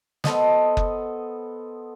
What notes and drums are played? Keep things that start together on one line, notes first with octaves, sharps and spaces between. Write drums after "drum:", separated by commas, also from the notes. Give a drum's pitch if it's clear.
B3 A4 C5 D#5, drum: snare
drum: kick F#1